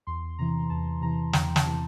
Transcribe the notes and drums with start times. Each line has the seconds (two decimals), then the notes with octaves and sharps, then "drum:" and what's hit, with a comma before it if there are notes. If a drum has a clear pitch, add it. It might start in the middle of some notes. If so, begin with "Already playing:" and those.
0.07 E2 C6
0.39 C3 E3 A#5
0.70 E2 A5
1.01 C3 E3 A#5
1.33 E2 G5, drum: snare
1.56 A5, drum: snare
1.66 C3 E3